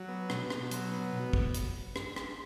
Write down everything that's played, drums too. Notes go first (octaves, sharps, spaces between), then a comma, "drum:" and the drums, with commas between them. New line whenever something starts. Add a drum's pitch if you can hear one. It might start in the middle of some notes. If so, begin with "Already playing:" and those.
Already playing: F#3
B3
B2, drum: rim click
B2, drum: rim click
F#3, drum: hi-hat
B3
B2
drum: kick
drum: hi-hat
drum: rim click
drum: rim click